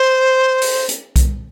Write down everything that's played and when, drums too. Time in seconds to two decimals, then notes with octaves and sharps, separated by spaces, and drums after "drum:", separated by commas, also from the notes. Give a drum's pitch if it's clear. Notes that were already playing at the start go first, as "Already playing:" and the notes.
Already playing: C5
0.62 drum: open hi-hat
0.89 drum: hi-hat
1.16 drum: kick B1, hi-hat